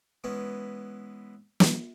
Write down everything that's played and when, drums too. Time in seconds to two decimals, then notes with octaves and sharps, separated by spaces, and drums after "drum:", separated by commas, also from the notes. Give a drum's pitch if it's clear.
0.24 E3 G#3 B3 C#4 B4
1.60 drum: snare